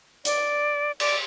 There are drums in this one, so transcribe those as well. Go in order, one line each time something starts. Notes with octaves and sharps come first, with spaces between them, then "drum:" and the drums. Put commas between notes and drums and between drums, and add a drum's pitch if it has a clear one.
D5, drum: hi-hat
D5, drum: cymbal